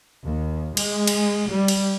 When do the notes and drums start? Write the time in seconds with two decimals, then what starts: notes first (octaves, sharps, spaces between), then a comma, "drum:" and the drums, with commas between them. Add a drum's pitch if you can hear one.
0.24 D#2
0.77 G#3, drum: cymbal
1.07 drum: cymbal
1.50 G3
1.68 drum: cymbal